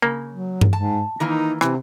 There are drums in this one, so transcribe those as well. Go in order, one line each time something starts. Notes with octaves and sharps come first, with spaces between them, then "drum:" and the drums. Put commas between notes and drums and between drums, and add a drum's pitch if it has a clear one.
C#3 A#3
F#3
drum: tom G2
G#2 A5
D#3 E3 A#3 D#4
C3 E3, drum: rim click